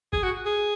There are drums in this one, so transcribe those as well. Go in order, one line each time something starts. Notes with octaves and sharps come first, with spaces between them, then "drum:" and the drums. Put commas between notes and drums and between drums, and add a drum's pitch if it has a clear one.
G#4, drum: kick
F#4
G#4